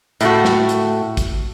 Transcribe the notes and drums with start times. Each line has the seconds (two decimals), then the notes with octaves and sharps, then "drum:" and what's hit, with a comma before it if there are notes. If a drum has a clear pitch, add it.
0.21 A2 A3 F#4, drum: hi-hat
0.45 drum: snare
0.69 drum: hi-hat
1.17 drum: kick A1, hi-hat